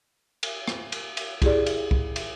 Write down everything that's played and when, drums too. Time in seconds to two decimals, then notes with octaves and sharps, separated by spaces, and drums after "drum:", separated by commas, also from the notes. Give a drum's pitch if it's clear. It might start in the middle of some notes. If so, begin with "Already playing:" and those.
0.43 drum: cymbal
0.68 drum: rim click
0.92 drum: cymbal
1.17 drum: cymbal
1.42 E4 G4 G#4 D5, drum: kick, cymbal
1.66 drum: cymbal
1.91 drum: kick
2.16 drum: cymbal